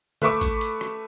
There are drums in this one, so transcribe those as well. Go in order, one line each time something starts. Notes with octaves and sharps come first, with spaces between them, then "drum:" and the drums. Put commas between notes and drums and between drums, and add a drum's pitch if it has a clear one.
A3 B4 E5 C#6 D6, drum: tom
drum: kick A1, hi-hat
drum: hi-hat
drum: rim click